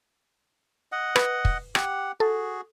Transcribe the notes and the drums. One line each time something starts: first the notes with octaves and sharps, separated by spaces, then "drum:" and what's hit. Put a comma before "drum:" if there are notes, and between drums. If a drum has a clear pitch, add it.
D#5 F#5
B4, drum: rim click
drum: kick
G4 F#5, drum: rim click
F#4 G#4 A4